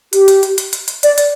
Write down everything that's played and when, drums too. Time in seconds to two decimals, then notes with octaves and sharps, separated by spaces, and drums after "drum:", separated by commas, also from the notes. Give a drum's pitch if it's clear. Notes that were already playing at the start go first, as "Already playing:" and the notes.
0.13 G4, drum: hi-hat
0.28 drum: hi-hat
0.43 drum: hi-hat
0.58 drum: hi-hat
0.73 drum: hi-hat
0.88 drum: hi-hat
1.03 D5, drum: hi-hat
1.18 drum: hi-hat